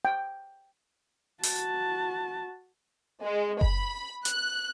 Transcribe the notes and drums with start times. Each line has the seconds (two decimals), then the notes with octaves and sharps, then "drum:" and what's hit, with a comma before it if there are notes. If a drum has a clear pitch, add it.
0.05 G5
1.43 F#4 A5, drum: open hi-hat
3.23 G#3
3.61 B5, drum: kick F#1
4.25 F#6, drum: hi-hat